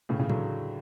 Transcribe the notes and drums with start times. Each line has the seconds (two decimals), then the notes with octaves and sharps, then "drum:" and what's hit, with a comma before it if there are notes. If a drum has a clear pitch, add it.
0.09 A2 C#3
0.19 C#3 E3
0.30 D3 F#3, drum: tom A2